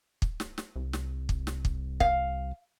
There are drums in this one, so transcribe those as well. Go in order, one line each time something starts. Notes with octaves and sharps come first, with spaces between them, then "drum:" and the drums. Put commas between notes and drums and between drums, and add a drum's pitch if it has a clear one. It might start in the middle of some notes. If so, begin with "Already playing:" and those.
drum: kick
drum: snare
drum: snare
C2
drum: snare
drum: kick
drum: snare
drum: kick
F5, drum: kick